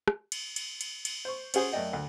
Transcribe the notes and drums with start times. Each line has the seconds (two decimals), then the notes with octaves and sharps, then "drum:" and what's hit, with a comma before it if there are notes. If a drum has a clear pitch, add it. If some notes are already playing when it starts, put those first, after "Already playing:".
0.08 drum: rim click
0.32 drum: cymbal
0.56 drum: cymbal
0.81 drum: cymbal
1.05 drum: cymbal
1.25 C5 C#6
1.54 C#4 F#4 G#4 C5, drum: cymbal
1.73 F#2 A3 D5 D#5 G5
1.93 D2